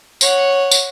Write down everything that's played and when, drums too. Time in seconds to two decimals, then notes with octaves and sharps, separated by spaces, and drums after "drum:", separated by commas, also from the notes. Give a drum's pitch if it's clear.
0.21 C#5 F#5, drum: tambourine
0.72 drum: tambourine